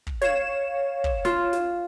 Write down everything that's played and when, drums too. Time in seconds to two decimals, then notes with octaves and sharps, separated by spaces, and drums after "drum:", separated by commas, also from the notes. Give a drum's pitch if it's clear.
0.07 drum: kick
0.22 C#5 F5 E7, drum: snare
1.04 drum: kick
1.25 F4, drum: snare
1.53 drum: snare